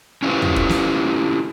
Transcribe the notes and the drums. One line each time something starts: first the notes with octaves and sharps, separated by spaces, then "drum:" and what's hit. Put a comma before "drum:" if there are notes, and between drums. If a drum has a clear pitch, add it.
C#4 E4 F4 G4 B4 C5
drum: tom
drum: kick
drum: snare